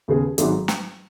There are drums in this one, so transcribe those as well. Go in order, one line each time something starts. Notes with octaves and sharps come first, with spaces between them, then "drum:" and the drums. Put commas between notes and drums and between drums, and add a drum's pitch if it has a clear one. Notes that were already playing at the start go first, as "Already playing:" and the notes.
D#2 C#3 B3 G#4
G#1 G#2 F#3 D#4, drum: hi-hat
drum: snare